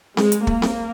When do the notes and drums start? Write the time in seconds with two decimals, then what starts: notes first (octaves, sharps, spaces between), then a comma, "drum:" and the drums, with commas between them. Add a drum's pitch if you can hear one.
0.17 G#3, drum: snare C4
0.32 drum: hi-hat
0.47 A#3, drum: kick
0.62 drum: snare C4